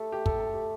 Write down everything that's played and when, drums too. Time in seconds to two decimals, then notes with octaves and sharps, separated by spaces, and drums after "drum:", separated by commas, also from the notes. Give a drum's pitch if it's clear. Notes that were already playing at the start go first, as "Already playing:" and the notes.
Already playing: A3 G4 A4
0.12 G4
0.26 A4, drum: kick
0.39 A4
0.54 G4